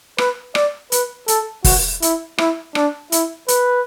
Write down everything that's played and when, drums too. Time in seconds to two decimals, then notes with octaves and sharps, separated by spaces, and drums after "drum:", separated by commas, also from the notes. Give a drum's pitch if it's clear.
0.18 B4, drum: rim click
0.55 D5, drum: rim click
0.92 B4, drum: hi-hat
1.28 A4, drum: hi-hat
1.64 F#4, drum: kick, open hi-hat
2.02 E4, drum: hi-hat
2.38 E4, drum: rim click
2.75 D4, drum: rim click
3.12 E4, drum: hi-hat
3.48 B4, drum: hi-hat